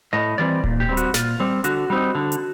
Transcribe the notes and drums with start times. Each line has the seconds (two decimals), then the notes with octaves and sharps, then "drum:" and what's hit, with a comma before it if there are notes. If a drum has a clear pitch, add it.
0.13 A2 D#5
0.38 E3 G3 C4 D5
0.64 A#2, drum: kick D1
0.80 G4
0.89 G3 C4
0.97 F#4, drum: hi-hat
1.14 A#2 F4, drum: snare
1.40 G3 C4
1.64 D3 F#4, drum: hi-hat
1.90 G3 C4 D#4
2.15 D3
2.32 drum: hi-hat